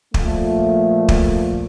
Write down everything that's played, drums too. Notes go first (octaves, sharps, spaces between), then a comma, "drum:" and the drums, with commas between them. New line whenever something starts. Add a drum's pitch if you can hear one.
A#2 F3 A3, drum: kick
drum: kick